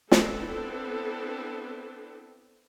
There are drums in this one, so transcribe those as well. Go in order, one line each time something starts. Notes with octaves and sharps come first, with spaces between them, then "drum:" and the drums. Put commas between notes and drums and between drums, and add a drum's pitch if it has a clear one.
B3 C4 D4 E4 A4, drum: snare